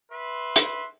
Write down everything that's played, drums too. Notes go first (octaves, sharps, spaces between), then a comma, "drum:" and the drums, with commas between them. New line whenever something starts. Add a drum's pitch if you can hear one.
B4 E5 C6
drum: hi-hat